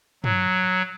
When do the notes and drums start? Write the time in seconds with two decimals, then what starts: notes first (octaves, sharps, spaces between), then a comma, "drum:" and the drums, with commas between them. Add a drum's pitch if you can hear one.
0.24 F#3, drum: tom